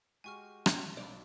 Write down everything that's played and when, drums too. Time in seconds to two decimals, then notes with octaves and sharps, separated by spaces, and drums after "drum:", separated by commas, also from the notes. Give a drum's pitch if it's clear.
0.24 G#3 F#4 G4 G#5 C#6 F6
0.66 drum: rim click
0.97 B1 D5 F5 B5